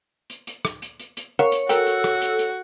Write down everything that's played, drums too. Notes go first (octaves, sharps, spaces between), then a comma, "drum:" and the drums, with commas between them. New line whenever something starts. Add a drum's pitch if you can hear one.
drum: hi-hat
drum: hi-hat
drum: rim click
drum: hi-hat
drum: hi-hat
drum: hi-hat
A#4 C#5 F5 F#5
drum: hi-hat
F#4 A4 A#4 F#5 G5, drum: hi-hat
drum: hi-hat
drum: rim click
drum: hi-hat
drum: hi-hat